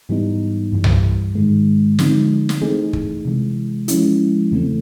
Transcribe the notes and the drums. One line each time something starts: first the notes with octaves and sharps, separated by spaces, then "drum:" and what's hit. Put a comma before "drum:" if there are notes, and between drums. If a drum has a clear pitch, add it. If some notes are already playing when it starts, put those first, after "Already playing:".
G#2 E3 G3 B3 D#4
G2 E3 G3
drum: tom C2
G#2 D#3 G#3
D3 F3 G#3 C4 D#4, drum: snare
drum: snare
E3 A3 C4 D#4 G#4
drum: kick
C3 E3 G#3
F3 G#3 C#4 E4, drum: hi-hat
E2 C#3 E3 A3 C4